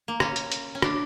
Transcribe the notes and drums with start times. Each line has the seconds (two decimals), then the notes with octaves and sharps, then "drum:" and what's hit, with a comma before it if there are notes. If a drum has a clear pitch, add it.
0.08 A#3
0.20 C#4, drum: rim click
0.36 drum: hi-hat
0.52 drum: hi-hat
0.75 C#4
0.82 D4, drum: rim click